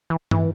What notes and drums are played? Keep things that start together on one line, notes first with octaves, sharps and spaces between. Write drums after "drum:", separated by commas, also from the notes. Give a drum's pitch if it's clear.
E3
E3, drum: tom